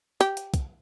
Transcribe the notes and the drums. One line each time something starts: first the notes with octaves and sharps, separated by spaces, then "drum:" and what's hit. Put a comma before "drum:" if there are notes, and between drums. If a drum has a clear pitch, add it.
G4, drum: hi-hat
drum: hi-hat
drum: kick, hi-hat